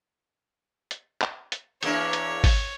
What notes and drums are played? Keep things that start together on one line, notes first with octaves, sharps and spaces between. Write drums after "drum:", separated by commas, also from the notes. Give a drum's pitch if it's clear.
drum: hi-hat
drum: clap
drum: hi-hat
E2 A#3 D4 C#5, drum: hi-hat
drum: hi-hat
drum: kick G#1, open hi-hat